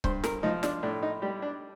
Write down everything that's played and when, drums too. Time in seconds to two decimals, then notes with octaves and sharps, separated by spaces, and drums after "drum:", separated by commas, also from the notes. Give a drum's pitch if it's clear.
0.04 G2 C5, drum: kick C#1
0.24 A#4, drum: snare
0.43 F3 D#4
0.63 D4, drum: snare
0.83 A2 D4
1.03 D#4
1.22 G3 G4
1.42 D4